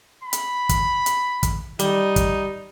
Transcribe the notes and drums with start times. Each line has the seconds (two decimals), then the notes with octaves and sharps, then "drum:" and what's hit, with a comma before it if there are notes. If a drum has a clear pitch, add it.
0.24 B5
0.33 drum: hi-hat
0.69 drum: kick, hi-hat
1.06 drum: hi-hat
1.43 drum: kick, hi-hat
1.79 G3 D#4, drum: hi-hat
2.16 drum: kick, hi-hat